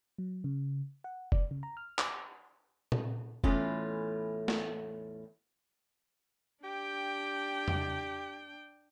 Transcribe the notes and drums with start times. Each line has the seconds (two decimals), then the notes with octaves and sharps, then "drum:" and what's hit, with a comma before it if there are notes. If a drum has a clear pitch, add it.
0.18 F#3
0.44 C#3
1.04 F#5
1.32 D5, drum: kick F1
1.51 C#3
1.63 A#5
1.77 F6
1.99 D6, drum: clap
2.92 drum: tom A#2
3.44 E2 A2 A3 C#4 F4, drum: kick F1
4.48 drum: snare
6.64 D4 G4 G5
7.68 drum: tom E2